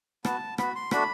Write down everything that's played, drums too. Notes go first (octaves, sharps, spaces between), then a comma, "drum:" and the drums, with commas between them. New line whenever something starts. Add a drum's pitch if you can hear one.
B3 F#4 A5, drum: rim click
B3 F#4 B5, drum: rim click
C6
A3 D4 F#4 B5, drum: rim click